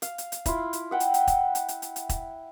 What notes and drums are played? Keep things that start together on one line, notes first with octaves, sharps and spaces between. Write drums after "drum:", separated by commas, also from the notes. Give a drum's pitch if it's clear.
F5, drum: hi-hat
drum: hi-hat
drum: hi-hat
E4 F4, drum: kick E1, hi-hat
drum: hi-hat
E5 F#5 G5
drum: hi-hat
drum: hi-hat
drum: kick E1, hi-hat
drum: hi-hat
drum: hi-hat
drum: hi-hat
drum: hi-hat
drum: kick E1, hi-hat